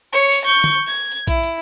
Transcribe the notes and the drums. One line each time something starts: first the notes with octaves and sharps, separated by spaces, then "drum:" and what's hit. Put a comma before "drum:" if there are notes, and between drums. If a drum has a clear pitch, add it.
C#5 C#7
drum: open hi-hat
C#6 G6
drum: tom
G#6
drum: hi-hat
E4, drum: kick A#1, hi-hat
drum: hi-hat